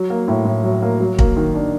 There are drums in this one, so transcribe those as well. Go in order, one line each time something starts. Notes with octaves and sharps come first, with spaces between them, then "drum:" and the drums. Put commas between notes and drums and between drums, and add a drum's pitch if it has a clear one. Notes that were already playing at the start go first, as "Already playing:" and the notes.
Already playing: F#3
A#3
A2
A2
F#3
A#3
F#3
A#3, drum: kick
D#3
D4